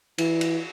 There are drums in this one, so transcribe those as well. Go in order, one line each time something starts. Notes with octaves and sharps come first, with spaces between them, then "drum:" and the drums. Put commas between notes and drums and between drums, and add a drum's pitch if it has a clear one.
E3, drum: cymbal
drum: cymbal